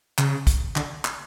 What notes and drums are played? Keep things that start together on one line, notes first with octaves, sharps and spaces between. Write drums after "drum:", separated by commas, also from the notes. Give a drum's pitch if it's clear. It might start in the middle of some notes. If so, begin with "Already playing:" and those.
C#3, drum: clap
drum: kick, hi-hat
D3, drum: clap
drum: clap